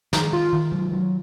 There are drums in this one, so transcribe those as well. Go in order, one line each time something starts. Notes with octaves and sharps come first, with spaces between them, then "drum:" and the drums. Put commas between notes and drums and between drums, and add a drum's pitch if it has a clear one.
D#3 D#4, drum: snare
D#3 F4
D#3
F#3
F#3